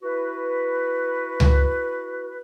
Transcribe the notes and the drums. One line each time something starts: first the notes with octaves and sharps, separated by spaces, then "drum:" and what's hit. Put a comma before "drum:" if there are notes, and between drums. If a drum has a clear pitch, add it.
E4 F#4 B4
drum: tom C#2